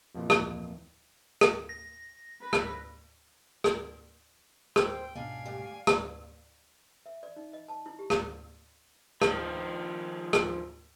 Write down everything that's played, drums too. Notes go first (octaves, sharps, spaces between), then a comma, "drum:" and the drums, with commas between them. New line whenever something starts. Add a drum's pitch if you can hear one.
F2 A#2 E3
drum: rim click
drum: rim click
A#6
B4
drum: rim click
drum: rim click
C5 G5 C6, drum: rim click
C#2 G#2 B2 D4 F5 G#5
D2 G2 D5
drum: rim click
E5
D5
D#4
D#5
A5
E4
G4
drum: rim click
D#3 F3, drum: rim click
drum: rim click